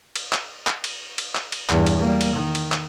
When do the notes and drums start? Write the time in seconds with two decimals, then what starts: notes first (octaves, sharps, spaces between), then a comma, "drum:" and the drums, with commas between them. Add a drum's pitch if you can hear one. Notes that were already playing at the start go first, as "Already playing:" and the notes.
0.16 drum: cymbal
0.33 drum: clap
0.67 drum: clap
0.84 drum: cymbal
1.18 drum: cymbal
1.35 drum: clap
1.52 drum: cymbal
1.69 E2 G2, drum: clap
1.87 drum: cymbal
2.00 G3 A#3
2.21 drum: cymbal
2.34 D#3
2.55 drum: cymbal
2.72 drum: clap